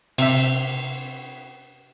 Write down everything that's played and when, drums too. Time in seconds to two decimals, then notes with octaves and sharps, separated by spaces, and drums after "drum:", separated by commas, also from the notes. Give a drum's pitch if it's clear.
0.18 C3 E5, drum: cymbal